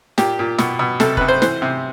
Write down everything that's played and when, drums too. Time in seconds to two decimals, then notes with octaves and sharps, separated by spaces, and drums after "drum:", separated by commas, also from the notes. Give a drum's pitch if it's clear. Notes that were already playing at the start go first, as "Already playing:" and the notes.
0.18 A#2 G4, drum: snare
0.39 A#2
0.58 B2, drum: snare
0.79 B2
1.00 C3 A4, drum: snare
1.17 C3 B4, drum: kick F1
1.28 C5
1.42 E3 C5, drum: snare
1.62 C3